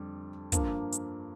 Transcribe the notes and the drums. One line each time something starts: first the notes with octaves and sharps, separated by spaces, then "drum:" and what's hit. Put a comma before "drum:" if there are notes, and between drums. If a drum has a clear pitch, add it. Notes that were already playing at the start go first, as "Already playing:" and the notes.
Already playing: F2 D3 G3 D4
G2 F3 A#3 D4, drum: kick, hi-hat
drum: hi-hat